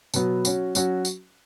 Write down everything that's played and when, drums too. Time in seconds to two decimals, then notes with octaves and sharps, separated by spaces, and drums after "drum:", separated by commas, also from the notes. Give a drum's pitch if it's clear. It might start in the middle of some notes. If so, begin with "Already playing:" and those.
0.14 B2 F#3 B3, drum: tambourine
0.45 F#3 C#4 F#4, drum: tambourine
0.75 F#3 C#4 F#4, drum: tambourine
1.05 drum: tambourine